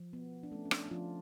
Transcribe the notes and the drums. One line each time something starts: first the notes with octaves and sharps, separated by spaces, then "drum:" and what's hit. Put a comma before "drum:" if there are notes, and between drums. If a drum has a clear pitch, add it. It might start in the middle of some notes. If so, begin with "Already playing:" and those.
Already playing: F3
B3
D4
A3 C#4
C#4
D4, drum: rim click
D4
F3 F4